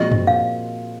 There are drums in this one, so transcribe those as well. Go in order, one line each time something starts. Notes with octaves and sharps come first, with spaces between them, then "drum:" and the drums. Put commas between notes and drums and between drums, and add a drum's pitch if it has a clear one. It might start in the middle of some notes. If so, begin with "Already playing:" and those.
Already playing: A#2 F3 G#3 C4 F#4 D#5
drum: tom F#2
F5